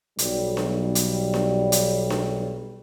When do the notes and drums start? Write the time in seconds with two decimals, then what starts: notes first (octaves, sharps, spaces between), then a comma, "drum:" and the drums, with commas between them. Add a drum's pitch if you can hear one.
0.19 B1 G3, drum: hi-hat
0.57 drum: snare D4
0.95 drum: hi-hat
1.34 drum: snare D4
1.72 drum: hi-hat
2.10 drum: snare D4